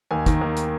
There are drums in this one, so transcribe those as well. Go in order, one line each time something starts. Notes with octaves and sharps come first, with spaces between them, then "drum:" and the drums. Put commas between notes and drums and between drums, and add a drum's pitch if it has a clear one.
D#2 G#5
D#3, drum: kick, hi-hat
D#2
drum: hi-hat